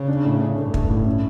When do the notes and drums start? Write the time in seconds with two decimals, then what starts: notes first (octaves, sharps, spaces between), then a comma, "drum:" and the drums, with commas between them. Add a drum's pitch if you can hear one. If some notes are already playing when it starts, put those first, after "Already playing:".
Already playing: C#3 C#4
0.08 D4
0.25 A2
0.41 D4
0.58 G2 A3
0.74 A3, drum: kick
0.90 A2
1.06 C#4